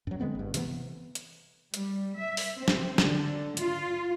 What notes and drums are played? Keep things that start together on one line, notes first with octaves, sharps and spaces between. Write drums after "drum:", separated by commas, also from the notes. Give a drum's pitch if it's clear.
F#2 F#3
D3 G#3 B3 C4
G1 G2
C3 E3 A3 B3, drum: hi-hat
drum: hi-hat
G3, drum: hi-hat
E5
drum: open hi-hat
C4
drum: snare
D3, drum: snare
F4, drum: hi-hat